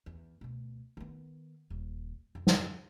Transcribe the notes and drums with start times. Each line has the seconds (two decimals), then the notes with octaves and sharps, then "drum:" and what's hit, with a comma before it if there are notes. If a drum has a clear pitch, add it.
0.06 E2
0.41 D2 B2
0.97 D#3 B3
1.70 D#1
2.35 F2
2.47 drum: snare